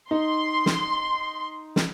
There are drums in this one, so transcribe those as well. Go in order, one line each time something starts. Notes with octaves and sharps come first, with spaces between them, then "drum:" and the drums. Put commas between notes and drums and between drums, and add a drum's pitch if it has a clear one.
D#4 C6
drum: snare
drum: snare